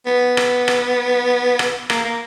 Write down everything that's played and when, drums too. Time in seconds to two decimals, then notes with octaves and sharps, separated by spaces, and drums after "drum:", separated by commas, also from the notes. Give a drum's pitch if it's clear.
0.06 B3
0.37 drum: rim click
0.68 drum: rim click
1.59 drum: rim click
1.90 A#3, drum: rim click
2.04 A#3